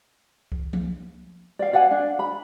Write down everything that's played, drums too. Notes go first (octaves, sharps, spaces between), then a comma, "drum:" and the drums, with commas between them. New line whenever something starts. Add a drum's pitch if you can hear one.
drum: kick C2
drum: tom F3
D5 F5
D5 F5 F#5 G#5
D4
B5